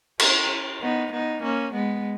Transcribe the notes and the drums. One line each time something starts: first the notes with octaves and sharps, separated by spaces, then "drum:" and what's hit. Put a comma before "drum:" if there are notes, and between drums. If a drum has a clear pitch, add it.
C#4 E4, drum: cymbal
B3 D#4
B3 D#4
A#3 C#4
G#3 B3